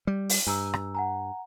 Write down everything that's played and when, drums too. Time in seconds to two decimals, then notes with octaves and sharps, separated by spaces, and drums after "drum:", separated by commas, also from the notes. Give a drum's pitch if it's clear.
0.07 G3
0.29 drum: open hi-hat
0.47 G2 G#5 A#5 E6
0.73 drum: rim click
0.95 F#5 G#5 A#5